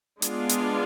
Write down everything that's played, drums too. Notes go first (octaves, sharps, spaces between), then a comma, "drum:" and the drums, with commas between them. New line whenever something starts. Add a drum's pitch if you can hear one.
G#3 B3 D4 F4, drum: hi-hat
drum: hi-hat